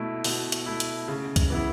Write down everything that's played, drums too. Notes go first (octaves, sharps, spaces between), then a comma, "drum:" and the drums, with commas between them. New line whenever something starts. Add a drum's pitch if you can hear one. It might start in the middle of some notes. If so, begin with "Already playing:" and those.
Already playing: B2 A3 E4
B2, drum: open hi-hat
drum: hi-hat
A3 E4
drum: hi-hat
C#3
drum: kick C2, hi-hat
E3 B3 E4